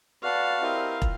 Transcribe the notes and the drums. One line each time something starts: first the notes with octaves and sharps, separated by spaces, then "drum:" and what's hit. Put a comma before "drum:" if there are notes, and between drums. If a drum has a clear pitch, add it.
F#4 B4 D5 F5 F#5 A5
C4 E4 G4 A#4 D#5
F4, drum: kick